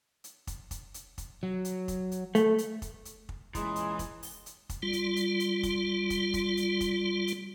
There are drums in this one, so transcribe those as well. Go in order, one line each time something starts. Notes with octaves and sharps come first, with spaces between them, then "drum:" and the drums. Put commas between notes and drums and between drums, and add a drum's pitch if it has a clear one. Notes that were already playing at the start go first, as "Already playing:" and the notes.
drum: hi-hat
drum: kick, hi-hat
drum: kick, hi-hat
drum: hi-hat
drum: kick, hi-hat
F#3
drum: hi-hat
drum: kick, hi-hat
drum: hi-hat
A3, drum: hi-hat
drum: hi-hat
drum: kick, hi-hat
drum: hi-hat
drum: kick
A#2 C#3 E3 G#3 A#5 C6 D#6, drum: kick, hi-hat
drum: hi-hat
drum: kick, hi-hat
drum: open hi-hat
drum: hi-hat
drum: kick, hi-hat
G3 F4
drum: hi-hat
drum: hi-hat
drum: hi-hat
drum: kick, hi-hat
drum: kick, hi-hat
drum: kick, hi-hat
drum: hi-hat
drum: kick, hi-hat
drum: hi-hat